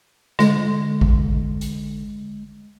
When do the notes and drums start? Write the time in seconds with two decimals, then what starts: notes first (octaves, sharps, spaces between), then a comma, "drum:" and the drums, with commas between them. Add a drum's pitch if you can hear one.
0.39 D3 G#3, drum: snare
1.01 drum: kick G#1
1.61 drum: hi-hat